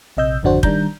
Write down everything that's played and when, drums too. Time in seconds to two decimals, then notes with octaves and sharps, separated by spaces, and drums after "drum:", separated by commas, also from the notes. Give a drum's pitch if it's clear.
0.17 A#1 C3 D#5 E6 G6
0.43 G#1 F2 D3 D4 F#4 C5
0.63 D#3 G3 D4 A#5 G6, drum: kick